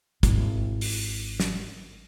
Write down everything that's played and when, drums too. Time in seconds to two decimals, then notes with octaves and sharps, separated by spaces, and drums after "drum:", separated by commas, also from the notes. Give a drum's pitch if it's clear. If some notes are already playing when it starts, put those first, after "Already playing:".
0.23 G#1 E4, drum: kick, hi-hat
0.81 drum: open hi-hat
1.40 drum: snare